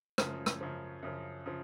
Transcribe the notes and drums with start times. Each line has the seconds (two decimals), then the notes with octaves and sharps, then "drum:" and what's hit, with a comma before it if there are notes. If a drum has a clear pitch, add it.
0.18 F#2 C#3 F3, drum: rim click
0.46 drum: rim click
0.61 F#2 C#3 F3
1.03 F#2 C#3 F3
1.46 C#3 F3